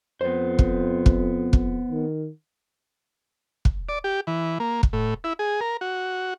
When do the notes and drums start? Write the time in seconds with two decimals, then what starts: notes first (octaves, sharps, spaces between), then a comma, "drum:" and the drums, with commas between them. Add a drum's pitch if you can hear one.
0.21 F2 B3 C5
0.59 drum: kick
1.06 drum: kick
1.53 drum: kick
1.90 D#3
3.65 drum: kick
3.89 D5
4.04 G4
4.27 E3
4.60 A#3
4.83 drum: kick
4.93 A2
5.24 E4
5.39 G#4
5.61 A#4
5.81 F#4